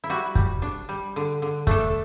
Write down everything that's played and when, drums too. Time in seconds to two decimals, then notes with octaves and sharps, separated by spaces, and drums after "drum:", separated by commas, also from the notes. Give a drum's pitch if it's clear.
0.04 E4
0.10 G3 F#4
0.35 G3, drum: kick
0.62 D4
0.89 G3
1.16 D3
1.42 D3
1.67 A3 D4 A4, drum: kick